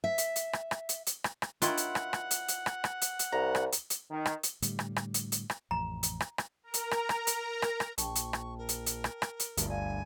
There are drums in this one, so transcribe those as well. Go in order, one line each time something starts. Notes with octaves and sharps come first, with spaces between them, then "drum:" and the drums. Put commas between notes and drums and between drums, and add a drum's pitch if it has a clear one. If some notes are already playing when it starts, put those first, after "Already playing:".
E5
drum: hi-hat
drum: hi-hat
drum: rim click
drum: rim click
drum: hi-hat
drum: hi-hat
drum: rim click
drum: rim click
D#3 F#3 E4 F4 F#5, drum: hi-hat
drum: hi-hat
drum: rim click
drum: rim click
drum: hi-hat
drum: hi-hat
drum: rim click
drum: rim click
drum: hi-hat
drum: hi-hat
C2 A#5
drum: rim click
drum: hi-hat
drum: hi-hat
D#3
drum: rim click
drum: hi-hat
A2 D3 G3, drum: hi-hat
drum: rim click
drum: rim click
drum: hi-hat
drum: hi-hat
drum: rim click
A1 F2 A#5
drum: hi-hat
drum: rim click
drum: rim click
A#4 A#5
drum: hi-hat
drum: rim click
drum: rim click
drum: hi-hat
drum: rim click
drum: rim click
A#1 G5 A5 C#6, drum: hi-hat
drum: hi-hat
drum: rim click
A#4
drum: hi-hat
drum: hi-hat
drum: rim click
drum: rim click
drum: hi-hat
G1 D2 G2, drum: hi-hat
D5 F5 G#5